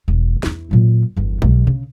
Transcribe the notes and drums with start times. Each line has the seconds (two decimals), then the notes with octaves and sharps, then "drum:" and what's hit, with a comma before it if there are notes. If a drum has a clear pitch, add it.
0.08 E1
0.43 E2 E4, drum: snare
0.71 A#2 F#3
1.17 G1 E2
1.42 B1 G#3, drum: kick
1.67 C#3, drum: tom B2